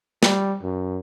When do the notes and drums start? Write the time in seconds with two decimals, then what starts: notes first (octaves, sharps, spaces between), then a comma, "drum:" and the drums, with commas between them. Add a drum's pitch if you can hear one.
0.23 G3, drum: snare
0.63 F#2